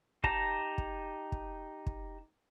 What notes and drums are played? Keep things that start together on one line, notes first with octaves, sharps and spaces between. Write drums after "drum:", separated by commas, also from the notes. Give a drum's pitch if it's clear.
D#4 G4 A5 A#5, drum: kick
drum: kick
drum: kick
drum: kick